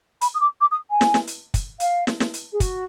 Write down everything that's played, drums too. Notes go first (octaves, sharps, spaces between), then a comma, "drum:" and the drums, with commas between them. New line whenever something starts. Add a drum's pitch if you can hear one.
B5, drum: hi-hat
D#6
D6
D6
D#6
G#5
drum: snare
drum: snare
drum: hi-hat
drum: kick, hi-hat
F5, drum: hi-hat
drum: snare
drum: snare
drum: hi-hat
G#4
F#4, drum: kick, hi-hat